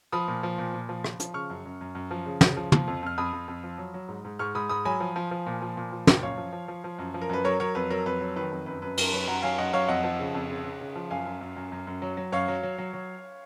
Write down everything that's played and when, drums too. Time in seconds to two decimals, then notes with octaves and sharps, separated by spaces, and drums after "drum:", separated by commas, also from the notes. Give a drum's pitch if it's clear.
0.12 F3 B5 D#6
0.28 A#2
0.43 F3
0.58 A#2
0.74 A#2
0.89 F3
1.04 F3, drum: rim click
1.20 F3, drum: hi-hat
1.34 C#3 C#6 F6
1.50 F#2
1.66 F#2
1.81 F#2
1.95 F#2
2.11 F3
2.26 C#3
2.41 C#3, drum: snare
2.57 F3
2.72 F3, drum: tom
2.87 F2
3.03 F2 F6
3.18 F2 B5 D#6
3.33 F2
3.48 F2
3.63 F3
3.78 F#3
3.94 F#3
4.08 G#2
4.24 G#2
4.39 G#2 C#6 F6
4.55 G#2 B5 D#6
4.69 G#2 B5 D#6
4.85 F#3 G#5 B5
5.00 F3
5.16 F3
5.31 F3
5.46 A#2
5.62 F3
5.77 A#2
5.92 F3
6.07 A#2, drum: snare
6.23 F#2 C#5 F5
6.38 F3
6.52 F3
6.68 F3
6.84 F3
6.99 F#2
7.14 F3
7.21 A#4
7.29 F#2 B4
7.44 F#3 A#4 C#5
7.60 F#3 A#4 C#5
7.75 F2 B4
7.90 F#3 A#4
8.06 F2 B4
8.21 F#3
8.36 D#3 B4
8.51 F2
8.66 F#2 B4
8.82 F#2 B4
8.97 F#2 A#4, drum: cymbal
9.12 F#3 B4
9.28 F#2 F#5 A#5
9.42 F#3 F5 G#5
9.58 F#2 D#5 F#5
9.73 F#3 C#5 F5
9.88 F2 D#5 F#5
10.04 F3
10.20 C#3
10.34 F2
10.49 C#3
10.64 C#3
10.81 C#3
10.95 F3
11.11 F#2 F5 G#5
11.26 F#2
11.41 F#2
11.57 F#2
11.72 F#2
11.87 F#2
12.02 F#3
12.17 F#3
12.32 F#2 C#5 F5
12.48 F#3
12.63 F#3
12.78 F#3
12.93 F#3